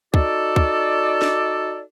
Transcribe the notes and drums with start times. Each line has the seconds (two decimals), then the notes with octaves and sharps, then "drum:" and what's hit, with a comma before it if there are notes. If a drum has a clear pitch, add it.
0.14 D#4 F#4 A4 D5, drum: kick
0.56 drum: kick
1.22 drum: snare